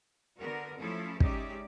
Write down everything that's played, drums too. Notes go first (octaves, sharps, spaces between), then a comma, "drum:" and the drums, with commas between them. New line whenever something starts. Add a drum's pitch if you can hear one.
D3 B3 F#4 A#4
F3 A3 C#4 E4 A4
G#3 C#4 D#4 G4 D5 E5, drum: kick